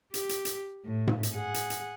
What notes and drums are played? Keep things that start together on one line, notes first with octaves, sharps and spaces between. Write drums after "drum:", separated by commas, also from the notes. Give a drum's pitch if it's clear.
G4, drum: hi-hat
drum: hi-hat
drum: hi-hat
A2
drum: tom G#2
drum: hi-hat
G#4 F#5
drum: hi-hat
drum: hi-hat